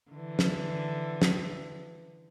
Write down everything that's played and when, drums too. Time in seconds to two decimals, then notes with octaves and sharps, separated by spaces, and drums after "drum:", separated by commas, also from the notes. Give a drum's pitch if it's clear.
0.11 D3 E3
0.39 drum: snare
1.22 drum: snare